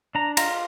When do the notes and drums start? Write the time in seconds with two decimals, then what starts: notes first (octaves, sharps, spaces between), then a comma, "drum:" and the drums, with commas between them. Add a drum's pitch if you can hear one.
0.15 D4 A#5
0.37 F4 A#5, drum: cymbal